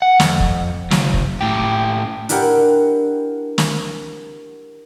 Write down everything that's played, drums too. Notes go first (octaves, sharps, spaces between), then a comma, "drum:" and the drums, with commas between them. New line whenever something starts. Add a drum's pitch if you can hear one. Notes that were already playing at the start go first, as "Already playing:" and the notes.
F#5
F2, drum: snare
drum: kick
F#2 C#3, drum: snare
drum: kick
A2 G4
D4 E4 G4 A#4 F#5 G5, drum: hi-hat
drum: snare